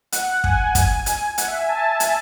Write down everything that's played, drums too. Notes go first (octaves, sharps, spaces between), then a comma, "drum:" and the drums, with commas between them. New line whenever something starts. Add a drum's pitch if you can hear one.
F#5, drum: hi-hat
F#5
F#5
G#5, drum: kick
drum: kick, hi-hat
drum: hi-hat
F#5, drum: hi-hat
E5
G#5
A5
drum: hi-hat